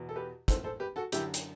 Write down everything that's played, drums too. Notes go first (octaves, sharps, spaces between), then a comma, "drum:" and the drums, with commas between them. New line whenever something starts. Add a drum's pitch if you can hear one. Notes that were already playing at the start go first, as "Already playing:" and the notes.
Already playing: E2 B2
A4
G4 B4
A4 C5, drum: kick, hi-hat
A4 C5
G4 B4
F#4 A4
F#2 D3 E4 G4, drum: hi-hat
drum: hi-hat